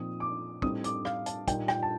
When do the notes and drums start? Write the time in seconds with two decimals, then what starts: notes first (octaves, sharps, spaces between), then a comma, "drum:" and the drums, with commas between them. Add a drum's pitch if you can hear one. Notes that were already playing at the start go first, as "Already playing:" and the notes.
Already playing: A#2 F3 C4 D#4 D#6
0.20 D6
0.62 A2 G3 C4 D#4 D#6, drum: kick
0.84 D6, drum: hi-hat
1.05 F5, drum: rim click
1.26 A5, drum: hi-hat
1.48 A#2 G3 A#3 D#4 G5, drum: kick, hi-hat
1.68 G5, drum: rim click
1.83 A5